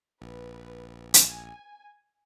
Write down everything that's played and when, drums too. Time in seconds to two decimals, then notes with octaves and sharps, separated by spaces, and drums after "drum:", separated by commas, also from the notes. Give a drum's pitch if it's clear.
0.22 A#1 B4
1.14 G#5, drum: hi-hat